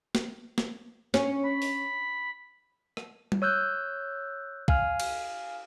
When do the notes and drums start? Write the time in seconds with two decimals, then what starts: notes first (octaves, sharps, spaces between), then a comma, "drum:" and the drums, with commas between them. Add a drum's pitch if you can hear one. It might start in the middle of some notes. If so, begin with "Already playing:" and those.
0.15 drum: snare
0.58 drum: snare
1.14 C#4, drum: snare
1.45 B5
1.62 drum: open hi-hat
2.97 drum: rim click
3.32 drum: tom G3
3.42 C#5 E6 F#6 G6
4.68 F5 G#5 F6, drum: kick B1
5.00 drum: cymbal